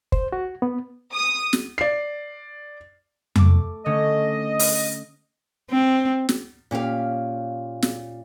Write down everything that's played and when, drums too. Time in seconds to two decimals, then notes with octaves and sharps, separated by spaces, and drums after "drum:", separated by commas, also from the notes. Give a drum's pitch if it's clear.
0.12 C5, drum: kick
0.32 F#4
0.62 B3
1.14 D#6
1.53 drum: snare
1.78 D5 C7
3.36 A3 D6, drum: tom F2
3.86 D3 A3 C#4 D#5
4.59 drum: open hi-hat
5.71 C4
6.29 drum: snare
6.71 A#2 C#4 G4 F5
7.82 drum: snare